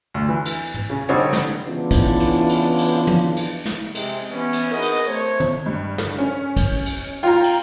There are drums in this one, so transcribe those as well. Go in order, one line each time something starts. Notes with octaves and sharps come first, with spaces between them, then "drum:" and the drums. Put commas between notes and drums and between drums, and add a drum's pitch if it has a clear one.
D2
E3
drum: cymbal
drum: tom
C#3
D3 G3 C4 D#4 C#5
drum: snare
C#3 E3 B3 D4 E4 F4
drum: kick, cymbal
drum: cymbal
drum: cymbal
drum: cymbal
drum: tom
drum: cymbal
drum: snare
C3 G#3, drum: cymbal
E3 B3 C#4
drum: cymbal
D#4 F#4 G#4 A#4 B4 D#5
drum: cymbal
A3 C5 C#5
drum: tom
G2
drum: snare
C#4
drum: kick, cymbal
drum: cymbal
F4 G5 A#5
drum: cymbal